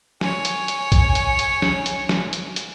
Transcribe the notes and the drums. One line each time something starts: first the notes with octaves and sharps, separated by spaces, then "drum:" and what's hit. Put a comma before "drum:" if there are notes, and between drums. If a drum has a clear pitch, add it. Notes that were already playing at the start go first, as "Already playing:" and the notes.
C#5 G#5, drum: snare
drum: hi-hat
drum: hi-hat
drum: kick A#1, hi-hat
drum: hi-hat
drum: hi-hat
drum: snare
drum: hi-hat
drum: snare
drum: hi-hat
drum: hi-hat